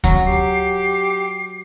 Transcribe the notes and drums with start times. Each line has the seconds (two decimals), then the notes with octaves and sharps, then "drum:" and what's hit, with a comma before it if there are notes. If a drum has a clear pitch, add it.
0.04 F#3, drum: kick D2
0.26 G4 C7